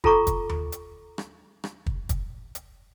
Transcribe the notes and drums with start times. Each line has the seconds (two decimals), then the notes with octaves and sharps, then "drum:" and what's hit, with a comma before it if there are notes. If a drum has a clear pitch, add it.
0.04 F4 A4 A#5 C#6 D6, drum: kick
0.27 drum: kick, hi-hat
0.49 drum: tom D#2
0.72 drum: hi-hat
1.18 drum: rim click
1.64 drum: rim click
1.86 drum: kick
2.09 drum: kick, hi-hat
2.55 drum: hi-hat